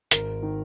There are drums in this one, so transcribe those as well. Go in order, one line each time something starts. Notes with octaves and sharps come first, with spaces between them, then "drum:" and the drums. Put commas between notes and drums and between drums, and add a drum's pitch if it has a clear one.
G#1 A#4, drum: hi-hat
D#3